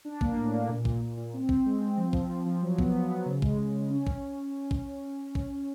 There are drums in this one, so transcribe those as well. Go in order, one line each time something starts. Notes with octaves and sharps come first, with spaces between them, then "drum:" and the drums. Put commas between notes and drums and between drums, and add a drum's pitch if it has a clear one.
D4
A#3, drum: kick
A2
A#3
A#2
A#2, drum: kick
A#2
A#2
C4
C4, drum: kick
G#3
C4
F3
F3, drum: kick
F3
F3
F#3
B3, drum: kick
B3
F#3
C#3
G#3, drum: kick
G#3
C#3
C#4
drum: kick
drum: kick
drum: kick